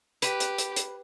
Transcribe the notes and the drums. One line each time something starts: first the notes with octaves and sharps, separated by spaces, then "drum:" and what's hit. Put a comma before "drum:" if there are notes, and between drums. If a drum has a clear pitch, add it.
G4 B4, drum: hi-hat
drum: hi-hat
drum: hi-hat
drum: hi-hat